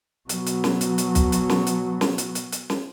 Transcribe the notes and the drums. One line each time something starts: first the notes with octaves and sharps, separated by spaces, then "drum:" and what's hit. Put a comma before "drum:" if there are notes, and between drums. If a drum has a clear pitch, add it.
B2 F#3, drum: hi-hat
drum: hi-hat
drum: snare
drum: hi-hat
drum: hi-hat
drum: kick, hi-hat
drum: hi-hat
drum: snare
drum: hi-hat
drum: snare
drum: hi-hat
drum: hi-hat
drum: hi-hat
drum: snare